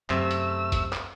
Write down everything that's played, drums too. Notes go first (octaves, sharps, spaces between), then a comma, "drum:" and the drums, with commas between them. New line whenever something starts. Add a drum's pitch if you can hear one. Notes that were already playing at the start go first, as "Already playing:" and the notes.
F#2 C3 A3 E6, drum: clap
drum: hi-hat
drum: kick, hi-hat
drum: clap